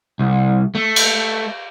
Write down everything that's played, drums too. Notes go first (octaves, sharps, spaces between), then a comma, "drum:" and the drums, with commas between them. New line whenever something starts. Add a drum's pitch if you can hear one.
C2
A3
drum: cymbal